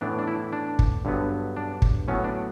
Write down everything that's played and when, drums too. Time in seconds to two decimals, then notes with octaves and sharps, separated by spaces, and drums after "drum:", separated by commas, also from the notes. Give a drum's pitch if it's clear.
0.01 A2 E3 B3 D4
0.19 D4
0.28 E4
0.53 D4
0.79 drum: kick
1.05 G2 D3 F#3 B3
1.57 D4
1.82 drum: kick
2.08 A2 F#3 B3 C#4
2.24 D4